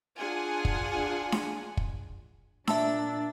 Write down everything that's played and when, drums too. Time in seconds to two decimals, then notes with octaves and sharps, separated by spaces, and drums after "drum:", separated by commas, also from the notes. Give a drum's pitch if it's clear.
0.18 D4 F4 G#4 F#5 G#5
0.65 drum: kick
1.32 drum: snare D4
1.77 drum: kick
2.67 A#2 D4 E5 A5 E6, drum: snare D4